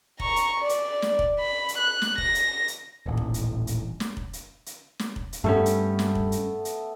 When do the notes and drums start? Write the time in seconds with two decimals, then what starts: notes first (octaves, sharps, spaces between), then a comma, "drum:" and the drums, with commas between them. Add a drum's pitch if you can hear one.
0.20 A#5 C#6, drum: kick
0.36 drum: hi-hat
0.60 D5
0.69 drum: hi-hat
1.02 drum: snare
1.19 drum: kick
1.40 B5
1.69 drum: hi-hat
1.78 F#6
2.02 drum: snare
2.18 A#6, drum: kick
2.35 drum: hi-hat
2.68 drum: hi-hat
3.06 D#1 A1
3.17 drum: kick
3.34 drum: hi-hat
3.67 drum: hi-hat
4.00 drum: snare
4.17 drum: kick
4.33 drum: hi-hat
4.66 drum: hi-hat
4.99 drum: snare
5.16 drum: kick
5.33 drum: hi-hat
5.44 G2 G3 A3 B3 C#4
5.66 drum: hi-hat
5.99 drum: snare
6.15 drum: kick
6.32 drum: hi-hat
6.65 drum: hi-hat